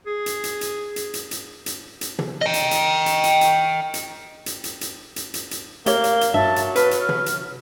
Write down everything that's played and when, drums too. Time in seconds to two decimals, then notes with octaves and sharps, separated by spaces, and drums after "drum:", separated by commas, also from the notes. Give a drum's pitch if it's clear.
0.06 G#4
0.26 drum: hi-hat
0.44 drum: hi-hat
0.61 drum: hi-hat
0.96 drum: hi-hat
1.14 drum: hi-hat
1.31 drum: hi-hat
1.66 drum: hi-hat
2.01 drum: hi-hat
2.19 drum: tom
2.41 D#5 G5
2.54 drum: hi-hat
2.71 drum: hi-hat
3.06 drum: hi-hat
3.24 drum: hi-hat
3.41 drum: hi-hat
3.94 drum: hi-hat
4.46 drum: hi-hat
4.64 drum: hi-hat
4.81 drum: hi-hat
5.16 drum: hi-hat
5.34 drum: hi-hat
5.51 drum: hi-hat
5.86 A3 A#3 G4 C#5 G7, drum: hi-hat
6.04 drum: hi-hat
6.21 drum: hi-hat
6.34 G2 F#3 E5 A5
6.56 drum: hi-hat
6.76 B4 F6, drum: hi-hat
6.91 drum: hi-hat
7.09 drum: tom
7.26 drum: hi-hat